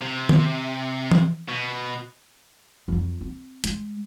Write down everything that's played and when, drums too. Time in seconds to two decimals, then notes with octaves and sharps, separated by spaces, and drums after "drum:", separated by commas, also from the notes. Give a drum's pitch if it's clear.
0.02 C3
0.29 drum: tom D#3
1.12 drum: tom E3
1.48 B2
2.88 F2 F#3
3.21 C4
3.64 G#3, drum: hi-hat